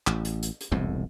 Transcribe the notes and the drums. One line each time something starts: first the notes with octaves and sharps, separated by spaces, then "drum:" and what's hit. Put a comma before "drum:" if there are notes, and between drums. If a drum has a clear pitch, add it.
A1, drum: clap
drum: hi-hat
drum: hi-hat
drum: hi-hat
E1 C2 F2 A2